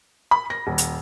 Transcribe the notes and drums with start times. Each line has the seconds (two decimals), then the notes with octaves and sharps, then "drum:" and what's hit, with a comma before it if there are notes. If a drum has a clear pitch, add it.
0.31 B5
0.50 A#6
0.67 D#1
0.78 drum: hi-hat